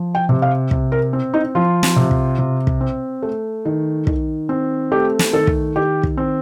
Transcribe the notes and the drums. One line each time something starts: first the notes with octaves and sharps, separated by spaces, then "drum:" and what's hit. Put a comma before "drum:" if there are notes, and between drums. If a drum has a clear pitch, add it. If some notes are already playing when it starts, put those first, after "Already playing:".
Already playing: F3
G5
C3
F5
C3, drum: kick
A#4
C4
D#4
F3 F4
drum: snare
C3
drum: kick
C3
drum: kick
C4
A3
D#3
D#3, drum: kick
C4
A3 G4
drum: snare
D#3 A4
drum: kick
D#3 G4
drum: kick
C4